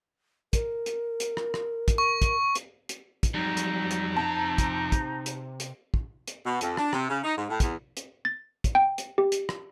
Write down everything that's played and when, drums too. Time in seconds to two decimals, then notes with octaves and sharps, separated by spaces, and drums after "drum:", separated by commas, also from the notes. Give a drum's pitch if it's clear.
0.53 A#4, drum: kick, hi-hat
0.86 drum: hi-hat
1.20 drum: hi-hat
1.37 drum: rim click
1.54 drum: rim click
1.88 drum: kick, hi-hat
1.98 C#6
2.22 drum: kick, hi-hat
2.55 drum: hi-hat
2.89 drum: hi-hat
3.23 drum: kick, hi-hat
3.34 F2 F#3 G3 D#4
3.57 drum: hi-hat
3.91 drum: hi-hat
4.16 C3 A5 A#5
4.58 drum: kick, hi-hat
4.92 drum: kick, hi-hat
5.26 drum: hi-hat
5.60 drum: hi-hat
5.94 drum: kick
6.28 drum: hi-hat
6.44 B2
6.61 F2, drum: hi-hat
6.77 D4, drum: rim click
6.93 C3, drum: rim click
7.09 C#3
7.23 D#4
7.36 G#2
7.49 A2
7.60 E2, drum: kick, hi-hat
7.97 drum: hi-hat
8.25 A6
8.64 drum: kick, hi-hat
8.75 G5
8.98 drum: hi-hat
9.18 G4
9.32 drum: hi-hat
9.49 drum: rim click